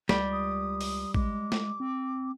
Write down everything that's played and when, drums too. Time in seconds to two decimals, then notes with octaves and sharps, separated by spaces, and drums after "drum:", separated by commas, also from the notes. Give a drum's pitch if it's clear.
0.09 C#2 G3, drum: snare
0.32 D#6
0.81 drum: open hi-hat
1.14 G#3 D6, drum: kick
1.52 drum: snare
1.80 C4